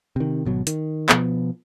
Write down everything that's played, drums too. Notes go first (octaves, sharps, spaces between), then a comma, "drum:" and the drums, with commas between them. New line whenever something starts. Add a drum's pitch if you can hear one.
C3 D#3
G#1 B2 F#3
D#3, drum: hi-hat
B2 F3 B3, drum: clap